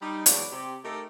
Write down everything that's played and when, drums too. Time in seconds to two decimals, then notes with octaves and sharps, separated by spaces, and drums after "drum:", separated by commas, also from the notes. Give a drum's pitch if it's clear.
0.02 G3 D#4
0.26 E2 F#3 G#3 D5, drum: hi-hat
0.51 C3 G4
0.84 A3 D#4 G4 A4 A#4